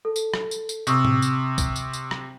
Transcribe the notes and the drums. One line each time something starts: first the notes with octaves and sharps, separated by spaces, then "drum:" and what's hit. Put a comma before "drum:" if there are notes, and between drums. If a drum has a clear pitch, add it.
A4
drum: tambourine
drum: rim click
drum: tambourine
drum: tambourine
C3 C#6 D#6 E6, drum: tambourine
drum: tom A2
drum: tambourine
drum: kick B1, tambourine
drum: tambourine
drum: tambourine
drum: rim click